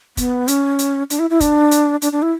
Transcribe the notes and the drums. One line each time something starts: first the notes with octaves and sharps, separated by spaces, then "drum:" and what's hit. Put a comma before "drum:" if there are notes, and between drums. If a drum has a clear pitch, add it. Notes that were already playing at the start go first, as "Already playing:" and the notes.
B3, drum: kick, hi-hat
C#4, drum: hi-hat
drum: hi-hat
D4, drum: hi-hat
E4
E4
D4, drum: kick, hi-hat
drum: hi-hat
D4, drum: hi-hat
D4
E4